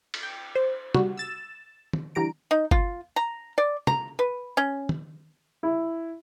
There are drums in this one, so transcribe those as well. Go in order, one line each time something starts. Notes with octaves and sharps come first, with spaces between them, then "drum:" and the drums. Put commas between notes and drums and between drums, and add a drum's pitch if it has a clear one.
drum: cymbal
G5
C5
G3 F#4, drum: tom
E6 A6 E7
drum: tom
D3 E3 G3 A#5 D7
D#4
F4, drum: kick G1
A#5
D5
A#5, drum: tom
B4
C#4
drum: tom
E4